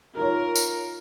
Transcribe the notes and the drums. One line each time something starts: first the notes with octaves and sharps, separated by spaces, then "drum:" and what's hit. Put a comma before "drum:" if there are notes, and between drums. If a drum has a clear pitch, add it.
D#4 F4 A#4 C#5
drum: tambourine